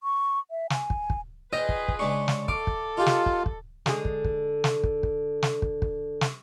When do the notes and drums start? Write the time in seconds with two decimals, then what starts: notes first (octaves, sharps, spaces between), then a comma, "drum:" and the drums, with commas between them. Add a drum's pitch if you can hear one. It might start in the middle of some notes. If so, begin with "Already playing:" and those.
0.03 C#6
0.51 E5
0.70 G#5, drum: snare
0.90 drum: kick
1.10 drum: kick
1.53 F4 G#4 B4 D#5 F5 G5
1.69 drum: kick
1.88 drum: kick
1.99 C#3 G#3 D4 C#6
2.28 drum: snare
2.48 A4 F5 D6, drum: kick
2.67 drum: kick
2.97 D#4 F4 G4 G#4
3.06 drum: snare
3.26 drum: kick
3.46 drum: kick
3.86 D3 G#3 G#4, drum: snare
4.05 drum: kick
4.24 drum: kick
4.64 drum: snare
4.84 drum: kick
5.03 drum: kick
5.43 drum: snare
5.62 drum: kick
5.82 drum: kick
6.21 drum: snare